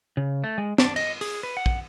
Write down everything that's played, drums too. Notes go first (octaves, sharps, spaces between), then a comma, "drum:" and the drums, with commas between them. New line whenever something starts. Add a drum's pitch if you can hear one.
C#3
A3
G#3
D4, drum: snare
D#5, drum: cymbal
G#4, drum: open hi-hat
B4
F#5
drum: kick